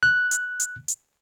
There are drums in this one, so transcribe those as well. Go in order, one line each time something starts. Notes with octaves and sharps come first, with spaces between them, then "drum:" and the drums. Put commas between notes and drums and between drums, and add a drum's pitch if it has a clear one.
F#6
drum: hi-hat
drum: hi-hat
drum: hi-hat